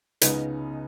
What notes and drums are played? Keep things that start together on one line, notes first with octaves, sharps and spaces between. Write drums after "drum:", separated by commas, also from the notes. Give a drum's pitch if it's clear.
C#2 C#3 B3 D#4, drum: hi-hat